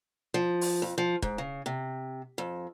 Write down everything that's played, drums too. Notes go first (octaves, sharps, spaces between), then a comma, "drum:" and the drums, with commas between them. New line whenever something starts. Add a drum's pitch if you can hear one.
F3
drum: open hi-hat
F2
F3
G#2, drum: kick
C#3
C3
F2